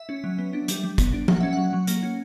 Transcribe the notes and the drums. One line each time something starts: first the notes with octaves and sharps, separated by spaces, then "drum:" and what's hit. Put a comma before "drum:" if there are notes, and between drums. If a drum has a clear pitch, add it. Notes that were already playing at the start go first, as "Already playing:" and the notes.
Already playing: E5
C#4
F#3
B3
D4
G3, drum: hi-hat
G3
B3, drum: kick, hi-hat
D4
A#3 F#5, drum: tom F3
C#4 E5
F#3 F#5
F#3
A#3, drum: hi-hat
C#4